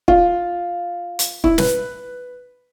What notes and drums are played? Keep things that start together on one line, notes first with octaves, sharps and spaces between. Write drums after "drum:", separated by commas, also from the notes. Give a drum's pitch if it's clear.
F4, drum: kick
drum: hi-hat
E4, drum: kick
B4, drum: snare